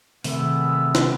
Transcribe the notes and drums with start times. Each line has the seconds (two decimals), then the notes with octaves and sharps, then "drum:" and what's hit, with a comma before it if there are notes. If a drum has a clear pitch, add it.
0.24 C3 D#3 G#3 A3 B3 E5, drum: open hi-hat
0.95 drum: snare